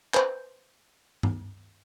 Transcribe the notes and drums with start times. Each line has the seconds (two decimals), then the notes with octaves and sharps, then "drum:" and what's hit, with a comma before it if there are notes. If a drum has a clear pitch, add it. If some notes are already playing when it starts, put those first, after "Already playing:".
0.14 B4 C5 G6, drum: clap
1.23 drum: tom G2